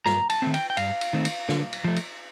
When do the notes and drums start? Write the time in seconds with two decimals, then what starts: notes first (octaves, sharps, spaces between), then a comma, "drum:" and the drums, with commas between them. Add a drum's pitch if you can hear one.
0.06 G2 A#5, drum: snare
0.30 A5, drum: cymbal
0.42 D#3 A3 C4
0.54 G5, drum: cymbal
0.70 G5
0.77 G2 F5, drum: cymbal
1.01 drum: cymbal
1.13 D#3 A3 C4
1.25 drum: cymbal
1.49 D3, drum: snare
1.73 drum: cymbal
1.84 F3 A3
1.96 drum: cymbal